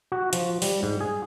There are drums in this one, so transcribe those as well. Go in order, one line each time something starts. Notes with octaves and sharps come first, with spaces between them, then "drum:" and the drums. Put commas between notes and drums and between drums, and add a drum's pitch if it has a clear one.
F#4
F3, drum: hi-hat
G3, drum: open hi-hat
G#2
G#4